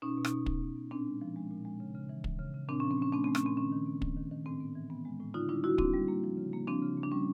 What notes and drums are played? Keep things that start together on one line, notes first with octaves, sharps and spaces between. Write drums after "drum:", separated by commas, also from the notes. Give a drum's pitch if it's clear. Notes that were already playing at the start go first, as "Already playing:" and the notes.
B2 C#4 D#4
B2
C#4 D#4, drum: rim click
B2
B3, drum: kick
B2
B3
A#2 C4 D4
G#3
F3
G#3
A#2
G#3
C#3
C#3
E3
C#3, drum: kick
C#3
C#3
A#2 C4 D4
F3 C#4
C4
A#2 C#4
A3 C4 D4
A3 C4
C#4, drum: rim click
A#2 C4
D#3 C#4
D#3
B3
D#3, drum: kick
D#3
D#3
A2 C4
B3
E3
B3
G#3
A2
D3 D#4 F4
G3 D4 E4
G3 E4 F#4
A#3 C4 D4, drum: kick
G3
A#3
F3
C#3
A#3
F3 C4 D4
C#3
A#3
D4
G3 C#4